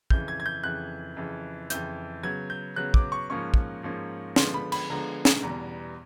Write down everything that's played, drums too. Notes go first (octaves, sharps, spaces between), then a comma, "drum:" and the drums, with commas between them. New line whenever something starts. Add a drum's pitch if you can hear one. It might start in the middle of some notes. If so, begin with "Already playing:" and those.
F2 C#3 E3 G6, drum: kick
G#6
G#6
G6
F2 C#3 E3 F#6
F2 C#3 E3
F2 C#3 E3 G6, drum: hi-hat
C#3 F#3 B3 G#6
G6
C#3 F#3 B3 F#6
D6, drum: kick
C#6
G#2 F3 A#3 C#4 C#6
drum: kick
G#2 F3 A#3 C#4
D3 F3 G#3 B3 C6, drum: snare
B5
B5, drum: cymbal
D3 F3 G#3 B3 A#5
drum: snare
E2 B2 G3 B3 A#5